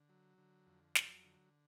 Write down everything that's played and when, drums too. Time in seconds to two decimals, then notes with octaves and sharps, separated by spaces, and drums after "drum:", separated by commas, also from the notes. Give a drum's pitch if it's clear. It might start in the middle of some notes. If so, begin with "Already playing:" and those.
Already playing: D3
0.09 F#3
0.38 D3
0.67 F2
0.95 F#3, drum: snare
1.24 D3